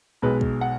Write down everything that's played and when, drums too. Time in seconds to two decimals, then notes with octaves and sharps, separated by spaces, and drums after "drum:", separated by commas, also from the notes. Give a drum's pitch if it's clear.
0.22 B1 B2 G#3 B4
0.41 drum: kick
0.61 F#5